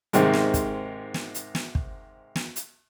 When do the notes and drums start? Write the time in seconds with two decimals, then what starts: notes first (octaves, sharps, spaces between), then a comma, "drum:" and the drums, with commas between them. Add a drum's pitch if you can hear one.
0.13 G#2 C3 D#3 G#3, drum: hi-hat
0.33 drum: snare
0.54 drum: kick, hi-hat
1.14 drum: snare
1.34 drum: hi-hat
1.55 drum: snare
1.75 drum: kick
2.36 drum: snare
2.56 drum: hi-hat